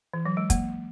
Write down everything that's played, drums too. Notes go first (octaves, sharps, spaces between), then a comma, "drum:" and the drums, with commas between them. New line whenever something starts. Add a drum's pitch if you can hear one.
E3
F#3
G#3
A#3, drum: kick, hi-hat